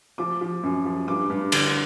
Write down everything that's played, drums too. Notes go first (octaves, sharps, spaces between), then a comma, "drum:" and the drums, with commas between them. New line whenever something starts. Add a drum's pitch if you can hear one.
F3 D6
F3
F#2
F3
G2 D6
G2
D3, drum: cymbal